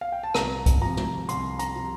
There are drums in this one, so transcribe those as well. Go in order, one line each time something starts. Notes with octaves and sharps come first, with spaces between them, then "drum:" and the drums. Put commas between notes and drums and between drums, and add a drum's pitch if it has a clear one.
F5
G5
A5
C2 A#5, drum: rim click
drum: kick C2, hi-hat
C3 F3 A#5
drum: tom
C2 C6, drum: hi-hat
A#5, drum: hi-hat
C3 F3